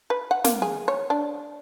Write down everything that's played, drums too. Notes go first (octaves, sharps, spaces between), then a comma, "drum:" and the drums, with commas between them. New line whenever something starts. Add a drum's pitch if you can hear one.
B4
F#5
A#3, drum: snare
G#4
C#5
D4